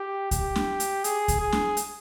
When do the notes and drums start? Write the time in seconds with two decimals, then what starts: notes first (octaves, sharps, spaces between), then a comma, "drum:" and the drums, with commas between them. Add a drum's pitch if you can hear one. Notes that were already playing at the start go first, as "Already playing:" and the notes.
Already playing: G4
0.31 G4, drum: kick C#2, hi-hat
0.56 drum: snare
0.80 drum: hi-hat
1.04 G#4, drum: hi-hat
1.28 drum: kick C#2, hi-hat
1.40 G#4
1.52 drum: snare
1.77 drum: hi-hat